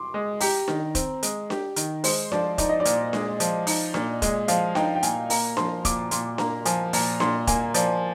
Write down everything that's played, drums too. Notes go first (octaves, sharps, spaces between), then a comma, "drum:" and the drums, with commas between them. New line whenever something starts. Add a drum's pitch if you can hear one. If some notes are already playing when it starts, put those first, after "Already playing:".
Already playing: C6 D6
G#3
G4 A#5, drum: open hi-hat
D#3, drum: snare D4
C4, drum: kick, hi-hat
G#3, drum: hi-hat
G4, drum: snare D4
D#3, drum: hi-hat
G#3 C5, drum: open hi-hat
F3 D5, drum: snare D4
D#4 D5, drum: kick, hi-hat
D#5
D5
A#2, drum: hi-hat
G#3, drum: snare D4
F3, drum: hi-hat
D#4, drum: open hi-hat
A#2, drum: snare D4
G#3, drum: kick, hi-hat
F3 F5, drum: hi-hat
D#4 G5, drum: snare D4
G5
A#2 G#5, drum: hi-hat
A#3 A#5, drum: open hi-hat
F3 C6, drum: snare D4
A#2 D6, drum: kick, hi-hat
A#2 C6, drum: hi-hat
A#3 A#5, drum: snare D4
F3 G#5, drum: hi-hat
A#2 A#5, drum: open hi-hat
A#2 C6, drum: snare D4
A#3 G#5, drum: kick, hi-hat
F3 D5, drum: hi-hat